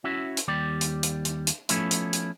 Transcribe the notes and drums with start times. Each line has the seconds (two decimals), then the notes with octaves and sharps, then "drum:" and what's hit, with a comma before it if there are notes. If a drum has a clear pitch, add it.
0.04 C#4 E4 F#4 E5
0.37 drum: hi-hat
0.48 D#2 G3 G4 D5
0.81 drum: hi-hat
1.03 drum: hi-hat
1.25 drum: hi-hat
1.47 drum: hi-hat
1.69 F3 A3 B3 C#4 E4, drum: hi-hat
1.91 drum: hi-hat
2.13 drum: hi-hat